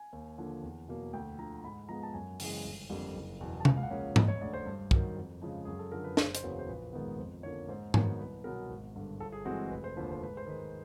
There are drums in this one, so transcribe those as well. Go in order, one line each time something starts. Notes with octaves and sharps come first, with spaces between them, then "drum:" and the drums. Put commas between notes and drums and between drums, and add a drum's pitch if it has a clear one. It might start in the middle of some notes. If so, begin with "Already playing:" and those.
Already playing: G#5
D#2
D3 F3 A#3
E2
B2 F#3 A#3
D2 G5
D3 F3 A#5
G#2 B5
F3 G#3 B3 A#5
A5
F#2 G#5
C#3 E3 G#3, drum: open hi-hat
G1
F2 D3 G3 A#3
F#1
E2 B2
A5
C#2 G#5, drum: tom C3
F5
F#5
C#3 F3 A#3 C#4
E1 D#5, drum: tom G#2
C#5
D2 D3 D5
C5
G2
D#3 F#3, drum: kick
F2
C#3 F3 G#3
F#2 G#4
A4
D3 F3 A#4
B4
F#1 C5, drum: snare
C5, drum: hi-hat
E2 C#3 F#3 A#3 B4
C5
A#1 B4
G#2 D#3 G#3 B3
F2 C5
D3 F3 A#3 C#4 C#5
G#2 C5
D#3 F#3 B3 C#5, drum: tom G#2
C2 B4
B2 F#3 B3 A#4
G#1
G2 D3
G1 A4
G#4
G2 E3 G#3 C4 F#4
F1 B4
C5
D#2 D3 F3 B4
C5
G#2 B4
C5
D#3 G#3 B4